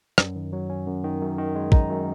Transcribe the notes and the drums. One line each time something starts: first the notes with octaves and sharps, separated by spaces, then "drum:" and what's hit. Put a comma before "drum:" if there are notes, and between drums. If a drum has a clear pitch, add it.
F#2, drum: rim click
D#3
F#3
C#4
F#2
D#3
F#2
D#3
G#3
D#4, drum: kick
F#2